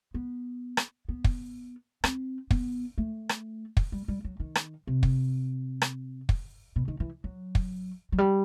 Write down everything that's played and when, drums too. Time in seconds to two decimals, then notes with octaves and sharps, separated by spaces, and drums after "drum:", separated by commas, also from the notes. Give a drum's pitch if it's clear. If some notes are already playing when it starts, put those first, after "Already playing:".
0.14 B3
0.77 drum: rim click
1.09 B3
1.24 drum: kick
2.04 C4, drum: rim click
2.51 B3, drum: kick
2.98 A3
3.29 drum: rim click
3.77 drum: kick
3.92 G3
4.08 G3
4.25 F#3
4.40 D#3
4.55 drum: rim click
4.87 C3
5.03 drum: kick
5.82 drum: rim click
6.29 drum: kick
6.76 B2
6.88 D#3
7.00 E3
7.24 F#3
7.55 drum: kick
8.12 F#3
8.18 G3